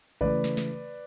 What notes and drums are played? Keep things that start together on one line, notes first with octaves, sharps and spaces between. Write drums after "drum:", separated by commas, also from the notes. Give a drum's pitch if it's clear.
C#3 E3 A3 B4 D5, drum: kick A1
drum: snare
drum: snare